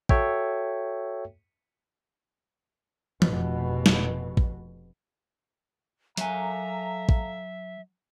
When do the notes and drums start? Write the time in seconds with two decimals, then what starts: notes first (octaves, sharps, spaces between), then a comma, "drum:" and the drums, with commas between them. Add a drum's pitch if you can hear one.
0.09 F#4 A4 C#5 E5 G5, drum: kick
3.22 F1 B2, drum: tom E3
3.86 drum: snare
4.37 drum: kick
6.17 F#3 A4 E5 F5 G#5 A#5, drum: hi-hat
7.09 drum: kick